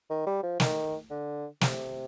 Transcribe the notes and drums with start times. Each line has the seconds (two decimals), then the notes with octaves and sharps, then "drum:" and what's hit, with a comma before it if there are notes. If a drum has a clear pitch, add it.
0.10 D#3
0.26 G3
0.43 F3
0.60 D#3, drum: snare
1.11 D3
1.61 C3, drum: snare